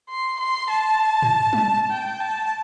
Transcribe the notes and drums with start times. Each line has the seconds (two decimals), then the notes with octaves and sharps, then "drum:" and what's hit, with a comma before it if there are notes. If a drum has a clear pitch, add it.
0.10 C6
0.40 C6
0.71 A5
1.22 drum: tom G#2
1.53 drum: tom G3
1.90 G5
2.20 A5